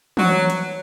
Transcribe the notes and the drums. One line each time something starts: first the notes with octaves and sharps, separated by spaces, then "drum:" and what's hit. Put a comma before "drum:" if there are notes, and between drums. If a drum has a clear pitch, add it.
F#3, drum: tom E3
drum: hi-hat